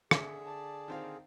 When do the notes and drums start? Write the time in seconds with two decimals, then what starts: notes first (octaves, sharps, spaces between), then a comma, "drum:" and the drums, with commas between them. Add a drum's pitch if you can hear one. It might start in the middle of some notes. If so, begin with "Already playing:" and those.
0.11 D3 G#4 E5, drum: rim click
0.44 D5 A5
0.88 D#3 C4 F5